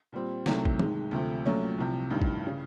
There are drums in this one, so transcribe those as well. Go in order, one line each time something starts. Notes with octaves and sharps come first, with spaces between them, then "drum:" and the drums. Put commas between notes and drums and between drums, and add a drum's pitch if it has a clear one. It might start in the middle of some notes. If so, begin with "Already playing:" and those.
A#2 G3 C4
C2 C3 D#3 F#3 A3, drum: snare
drum: kick
G#2 D#3 G#3, drum: tom
D2 C3 F3 A3
A#1 A#2 F#3 A3 C#4
C2 C3 F3
A1 G2 D#3
drum: kick
C#3